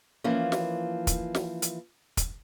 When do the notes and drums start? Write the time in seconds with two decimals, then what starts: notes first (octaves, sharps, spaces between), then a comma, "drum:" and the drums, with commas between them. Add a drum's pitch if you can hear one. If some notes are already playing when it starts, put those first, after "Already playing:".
0.24 E3 F3 A#3 C#4
0.52 drum: snare
1.07 drum: kick, hi-hat
1.35 drum: snare
1.62 drum: hi-hat
2.17 drum: kick, hi-hat